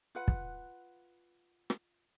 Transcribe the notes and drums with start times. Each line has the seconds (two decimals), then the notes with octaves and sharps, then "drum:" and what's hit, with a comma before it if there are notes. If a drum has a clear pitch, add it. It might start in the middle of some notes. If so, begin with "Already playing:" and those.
0.15 F4 B4 F#5
0.28 drum: kick
1.70 drum: rim click